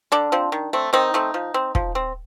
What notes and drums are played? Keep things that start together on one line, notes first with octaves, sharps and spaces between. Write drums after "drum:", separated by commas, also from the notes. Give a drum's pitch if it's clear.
D3 D4
F3 C4
D#3
A3 C4
D#3 C4 D#4
A3 C4
F3
C4
F3, drum: kick
C4